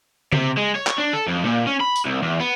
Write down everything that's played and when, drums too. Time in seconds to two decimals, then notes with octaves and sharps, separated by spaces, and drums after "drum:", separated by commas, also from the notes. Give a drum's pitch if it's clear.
0.33 C3, drum: tom C#3
0.57 G#3
0.75 C#5
0.87 drum: clap
0.98 D4
1.13 A4
1.27 F2
1.45 A#2
1.67 C#4
1.81 B5
1.96 drum: tambourine
2.06 C2
2.22 E2
2.40 B3